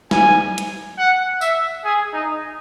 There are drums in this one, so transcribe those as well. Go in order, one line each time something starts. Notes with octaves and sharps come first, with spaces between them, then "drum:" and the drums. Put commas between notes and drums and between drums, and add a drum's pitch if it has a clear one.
G#5, drum: snare
drum: hi-hat
F#5
E5, drum: tambourine
G#4
D#4